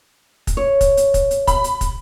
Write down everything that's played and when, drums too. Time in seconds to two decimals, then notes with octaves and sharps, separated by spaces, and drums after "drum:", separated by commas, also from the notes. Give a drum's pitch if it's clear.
0.47 drum: kick, hi-hat
0.57 C#5
0.81 drum: kick, hi-hat
0.97 drum: hi-hat
1.14 drum: kick, hi-hat
1.31 drum: hi-hat
1.47 B5, drum: kick, hi-hat
1.64 drum: hi-hat
1.81 drum: kick, hi-hat